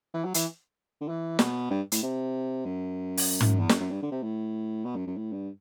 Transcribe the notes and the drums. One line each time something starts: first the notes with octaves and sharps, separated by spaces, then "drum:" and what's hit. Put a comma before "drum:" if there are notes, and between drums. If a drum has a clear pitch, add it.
E3
F#3
E3, drum: hi-hat
D3
E3
B2, drum: snare
G2
A2, drum: hi-hat
C3
F#2
drum: open hi-hat
drum: tom
E2
F#2, drum: snare
F#2
G2
D3
C3
A2
B2
F#2
F#2
A2
G2